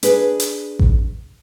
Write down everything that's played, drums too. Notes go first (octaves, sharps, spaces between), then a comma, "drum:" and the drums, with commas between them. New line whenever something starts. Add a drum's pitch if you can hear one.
D4 G#4 B4, drum: hi-hat
drum: hi-hat
drum: kick A1